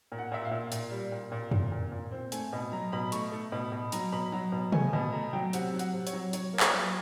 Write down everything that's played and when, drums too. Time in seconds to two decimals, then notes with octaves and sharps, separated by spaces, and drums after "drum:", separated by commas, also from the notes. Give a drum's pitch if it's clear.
0.12 A#2
0.19 F#5
0.32 A#2 E5
0.45 F5
0.51 A#2
0.72 A#2, drum: hi-hat
0.91 G3
1.12 A#2
1.32 A#2
1.51 A#2, drum: tom F2
1.72 A#2
1.92 A#2
2.11 C4
2.32 A3 G#5, drum: hi-hat
2.53 B2
2.72 F#3 A#5
2.93 B2 B5
3.12 A3 C#6, drum: hi-hat
3.32 A3
3.52 B2 B5
3.72 B2
3.92 F#3 A#5, drum: hi-hat
4.12 B2 B5
4.32 F#3 A#5
4.52 B2
4.72 A3 G#5, drum: tom C3
4.93 B2 A5
5.12 A3 A#5
5.33 F#3 G5
5.53 C3 F#5, drum: hi-hat
5.74 F#3
5.79 F#5, drum: hi-hat
5.93 C3
6.07 C#5, drum: hi-hat
6.13 F#3
6.33 F#3 C#5, drum: hi-hat
6.54 A#3
6.60 C5, drum: clap
6.73 F#3